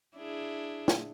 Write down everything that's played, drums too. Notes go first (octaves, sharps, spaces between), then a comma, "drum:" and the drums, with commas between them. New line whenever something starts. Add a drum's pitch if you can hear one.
D4 E4 G#4
drum: snare